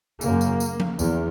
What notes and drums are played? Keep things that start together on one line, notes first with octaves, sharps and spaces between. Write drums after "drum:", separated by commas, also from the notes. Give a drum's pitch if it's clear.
F#2 C#3 A#3, drum: tambourine
drum: tambourine
drum: tambourine
drum: tom F3
E2, drum: tambourine